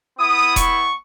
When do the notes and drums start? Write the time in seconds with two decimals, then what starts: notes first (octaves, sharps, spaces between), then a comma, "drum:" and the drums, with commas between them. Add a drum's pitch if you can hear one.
0.19 B3 E4 D#6
0.56 C#6, drum: kick E1, hi-hat